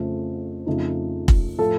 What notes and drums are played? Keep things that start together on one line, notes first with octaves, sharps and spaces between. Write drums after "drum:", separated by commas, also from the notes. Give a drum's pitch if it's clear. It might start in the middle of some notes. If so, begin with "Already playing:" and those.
Already playing: F2 C#3 A3 C4
F2 C#3 F3 A3 D#4
drum: kick
A2 F3 A3 A4